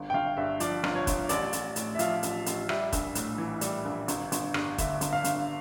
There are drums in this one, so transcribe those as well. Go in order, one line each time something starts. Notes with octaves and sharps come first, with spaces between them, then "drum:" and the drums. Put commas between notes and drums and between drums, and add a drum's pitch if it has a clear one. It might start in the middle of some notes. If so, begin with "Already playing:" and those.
Already playing: G1
G5
G1 F5
G2 E5
F3 D5, drum: hi-hat
G1, drum: rim click
C#5
G1, drum: kick, hi-hat
A1 D5, drum: hi-hat
A1, drum: hi-hat
A2, drum: hi-hat
E5
F3 F5, drum: hi-hat
A1, drum: hi-hat
A1, drum: hi-hat
G3 E5, drum: rim click
A#1, drum: kick, hi-hat
A2, drum: hi-hat
E3
G3, drum: hi-hat
A#1
G1, drum: hi-hat
G1, drum: hi-hat
G2, drum: rim click
D3 E5, drum: kick, hi-hat
G1, drum: hi-hat
F5
G1, drum: hi-hat